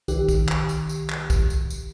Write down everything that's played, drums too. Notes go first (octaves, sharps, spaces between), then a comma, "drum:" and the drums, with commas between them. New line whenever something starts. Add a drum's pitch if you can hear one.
C2 D#3 G4, drum: tambourine
drum: kick, tambourine
drum: clap
drum: tambourine
drum: tambourine
drum: clap
drum: kick, tambourine
drum: tambourine
drum: tambourine